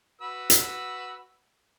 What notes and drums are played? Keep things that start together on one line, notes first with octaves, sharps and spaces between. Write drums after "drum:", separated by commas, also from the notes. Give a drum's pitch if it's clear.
F#4 B4 E6
drum: hi-hat